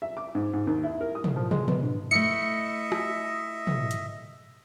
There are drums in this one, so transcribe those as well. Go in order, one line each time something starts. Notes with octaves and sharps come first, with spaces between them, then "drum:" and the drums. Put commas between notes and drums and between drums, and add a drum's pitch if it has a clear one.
E5
D6
G#2
G#2
D#2
E4
A#4
D#6
drum: tom
F3
G#3, drum: tom
B3, drum: tom
D3
A3 E4 D#5 E5 C#7
drum: rim click
drum: tom
drum: hi-hat